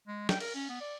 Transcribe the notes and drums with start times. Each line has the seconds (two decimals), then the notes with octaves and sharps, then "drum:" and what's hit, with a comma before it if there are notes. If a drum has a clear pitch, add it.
0.07 G#3
0.29 G5, drum: snare
0.40 A#4, drum: cymbal
0.55 C#4
0.69 B3
0.81 D5